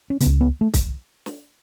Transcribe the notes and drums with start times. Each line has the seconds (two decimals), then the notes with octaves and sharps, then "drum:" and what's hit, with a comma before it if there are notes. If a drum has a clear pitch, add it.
0.10 C#4
0.20 C#3 B3, drum: hi-hat
0.26 C#2
0.41 B3
0.61 A3
0.74 drum: kick C2, hi-hat
1.26 drum: snare